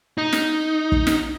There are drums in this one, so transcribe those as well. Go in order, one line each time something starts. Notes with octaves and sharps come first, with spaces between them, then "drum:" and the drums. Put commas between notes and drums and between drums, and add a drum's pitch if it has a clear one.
D#4
drum: snare
drum: kick
drum: snare